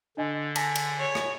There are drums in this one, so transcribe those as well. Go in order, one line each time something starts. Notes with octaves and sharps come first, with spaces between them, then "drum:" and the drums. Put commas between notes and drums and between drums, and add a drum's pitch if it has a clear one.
D3 D4 D#5 G#5
G#5 A5 A#6 B6, drum: cymbal
drum: cymbal
C#5
drum: rim click